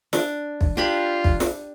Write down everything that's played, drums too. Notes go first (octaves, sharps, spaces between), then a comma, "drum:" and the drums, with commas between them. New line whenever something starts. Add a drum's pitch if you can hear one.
D4, drum: snare
drum: kick
D4 F4 G4 B5
drum: kick
drum: snare